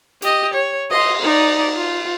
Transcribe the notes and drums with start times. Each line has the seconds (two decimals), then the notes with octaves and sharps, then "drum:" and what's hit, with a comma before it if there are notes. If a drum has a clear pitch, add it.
0.22 G4 D#5, drum: hi-hat
0.54 C#5
0.91 D#5 C6, drum: cymbal
1.22 D#4 D5
1.75 F4